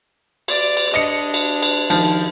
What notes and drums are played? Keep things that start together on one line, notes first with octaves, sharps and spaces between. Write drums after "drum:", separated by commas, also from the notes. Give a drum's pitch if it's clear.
D5, drum: cymbal
drum: cymbal
D4 D#5 C#7
drum: cymbal
drum: cymbal
D#3 F3, drum: cymbal